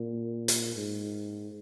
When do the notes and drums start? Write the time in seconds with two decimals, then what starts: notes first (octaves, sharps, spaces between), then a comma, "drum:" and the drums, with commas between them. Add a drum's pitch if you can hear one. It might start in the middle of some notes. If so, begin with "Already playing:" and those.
Already playing: A#2
0.48 drum: hi-hat
0.76 G#2